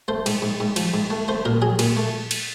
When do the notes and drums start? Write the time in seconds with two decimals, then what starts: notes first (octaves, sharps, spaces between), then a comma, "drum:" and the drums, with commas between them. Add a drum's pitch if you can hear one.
0.08 A3 C5
0.26 G#2, drum: cymbal
0.42 G#2
0.60 G#2
0.76 F3, drum: cymbal
0.94 G#2
1.10 A3
1.28 A3 C5
1.45 A#2 A#4
1.62 F#3 G#4
1.79 A#2, drum: cymbal
1.97 A3
2.31 drum: cymbal